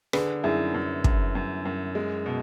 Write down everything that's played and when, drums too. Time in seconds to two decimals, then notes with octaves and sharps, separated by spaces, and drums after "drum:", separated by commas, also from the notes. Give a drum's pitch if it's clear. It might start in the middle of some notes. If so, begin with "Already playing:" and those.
0.13 D3 G#4 B4, drum: rim click
0.44 F#2 E4 G#4
0.74 F#2
1.04 F#2, drum: kick
1.35 F#2
1.65 F#2
1.95 G#3
2.26 B2